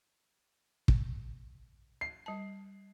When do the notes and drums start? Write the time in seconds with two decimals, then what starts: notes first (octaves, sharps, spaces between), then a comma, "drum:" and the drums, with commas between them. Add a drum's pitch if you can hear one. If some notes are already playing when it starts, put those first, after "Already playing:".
0.88 drum: kick
2.01 C7
2.26 G3 A5